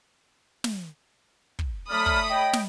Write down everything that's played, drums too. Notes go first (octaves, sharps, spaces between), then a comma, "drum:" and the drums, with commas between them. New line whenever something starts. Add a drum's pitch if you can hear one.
drum: snare
drum: kick
F#3 A3 D5 B5 D#6 F6
drum: kick
C#5 D#5 G5
drum: snare